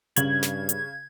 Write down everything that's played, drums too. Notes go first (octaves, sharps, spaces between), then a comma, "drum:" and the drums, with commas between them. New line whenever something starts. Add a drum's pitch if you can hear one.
G2 C#3 G#6 F#7, drum: hi-hat
drum: snare
drum: hi-hat